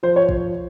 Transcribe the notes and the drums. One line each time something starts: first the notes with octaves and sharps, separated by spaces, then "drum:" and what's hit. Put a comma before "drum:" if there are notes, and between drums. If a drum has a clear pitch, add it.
F3 C5
C#5
drum: kick